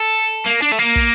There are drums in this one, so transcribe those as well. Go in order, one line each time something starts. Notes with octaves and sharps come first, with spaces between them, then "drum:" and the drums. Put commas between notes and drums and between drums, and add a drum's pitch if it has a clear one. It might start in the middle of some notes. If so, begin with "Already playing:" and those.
Already playing: A4
A#3
D4
A3, drum: hi-hat
A#3
drum: kick